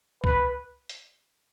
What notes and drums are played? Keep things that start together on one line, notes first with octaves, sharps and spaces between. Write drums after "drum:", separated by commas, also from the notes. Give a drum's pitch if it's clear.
B4, drum: kick C2
drum: hi-hat